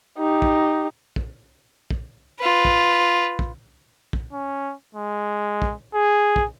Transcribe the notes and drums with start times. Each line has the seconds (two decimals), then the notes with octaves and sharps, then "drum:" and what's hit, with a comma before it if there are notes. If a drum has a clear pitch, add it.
0.17 D#4 G4
0.42 drum: kick
1.16 drum: kick
1.91 drum: kick
2.40 F4 B4
2.65 drum: kick
3.39 drum: kick
4.13 drum: kick
4.33 C#4
4.95 G#3
5.62 drum: kick
5.94 G#4
6.36 drum: kick